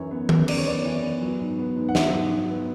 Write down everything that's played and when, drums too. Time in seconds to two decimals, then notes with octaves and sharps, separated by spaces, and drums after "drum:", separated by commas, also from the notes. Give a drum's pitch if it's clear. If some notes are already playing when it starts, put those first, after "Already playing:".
Already playing: F#2 E3 C#5
0.11 B3
0.29 F#2, drum: tom D#3
0.48 F#2 D5, drum: cymbal
0.58 C#5
0.66 B3 D5
0.85 E3
1.02 B3
1.22 F#3
1.40 G#2
1.58 B3
1.76 G#2
1.89 F#5
1.95 F#3 E5, drum: snare
2.14 G#2
2.32 F#3
2.50 B3